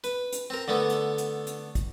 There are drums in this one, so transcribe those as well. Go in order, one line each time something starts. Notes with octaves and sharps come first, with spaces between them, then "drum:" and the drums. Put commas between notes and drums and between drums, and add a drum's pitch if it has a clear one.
B4, drum: hi-hat
drum: hi-hat
C4 A#4
D3 A3 B3
drum: hi-hat
drum: hi-hat
drum: hi-hat
drum: kick, hi-hat